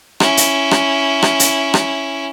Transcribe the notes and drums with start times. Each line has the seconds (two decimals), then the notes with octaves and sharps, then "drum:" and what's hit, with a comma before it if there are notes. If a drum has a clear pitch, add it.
0.20 C#4 E4, drum: rim click
0.37 drum: hi-hat
0.71 drum: rim click
1.22 drum: rim click
1.40 drum: hi-hat
1.74 drum: rim click